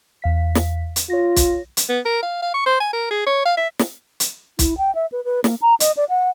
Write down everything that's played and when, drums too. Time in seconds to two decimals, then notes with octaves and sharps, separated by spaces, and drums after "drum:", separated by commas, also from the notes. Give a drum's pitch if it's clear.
0.22 E2 F5 B6
0.55 drum: snare
0.96 drum: hi-hat
1.10 F4 C#5 A#6
1.36 drum: kick B1, hi-hat
1.77 drum: hi-hat
1.89 B3
2.05 A#4
2.23 F5
2.42 F5
2.54 C#6
2.66 C5
2.80 G#5
2.93 A#4
3.11 G#4
3.26 C#5
3.46 F5
3.57 E5
3.79 drum: snare
4.20 drum: hi-hat
4.59 E4, drum: kick B1, hi-hat
4.78 G5
4.95 E5
5.12 B4
5.25 B4
5.44 A#3, drum: snare
5.62 A#5
5.80 D#5, drum: hi-hat
5.97 D5
6.09 F#5